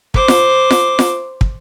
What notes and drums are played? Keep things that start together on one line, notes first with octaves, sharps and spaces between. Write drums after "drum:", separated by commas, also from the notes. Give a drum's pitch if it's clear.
C5 D6, drum: kick
drum: snare F4
drum: snare F4
drum: snare F4
drum: kick